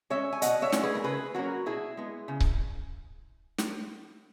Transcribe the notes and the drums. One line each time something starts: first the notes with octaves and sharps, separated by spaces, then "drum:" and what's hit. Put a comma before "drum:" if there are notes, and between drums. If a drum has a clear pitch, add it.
G#3 C#4 C#5 E5
G#5
B2 D#5 F#5, drum: hi-hat
C#5 E5
G#3 C#4, drum: snare
G#4 B4
A#4
C#3 G#4 B4
F#3 A#3 C#4 F#4 A#4
B2 E4 G#4
G#3 B3
C#3
drum: kick C#1
drum: snare